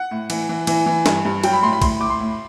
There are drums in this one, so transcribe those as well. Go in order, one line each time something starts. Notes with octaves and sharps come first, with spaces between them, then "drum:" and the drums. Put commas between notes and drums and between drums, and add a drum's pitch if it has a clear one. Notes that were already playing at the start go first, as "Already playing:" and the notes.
Already playing: F#5
A2
E3, drum: cymbal
E3
E3, drum: cymbal
E3
G2, drum: snare
G2
F#3 G5, drum: cymbal
B5
A2 C6
B5
A2 C6, drum: kick A#1, cymbal
A2 D6
C6
A2